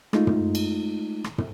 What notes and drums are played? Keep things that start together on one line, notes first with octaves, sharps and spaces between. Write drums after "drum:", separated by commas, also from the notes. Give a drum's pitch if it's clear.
G#3 A3 D#4 F4, drum: rim click
drum: tom
drum: cymbal
drum: rim click
drum: tom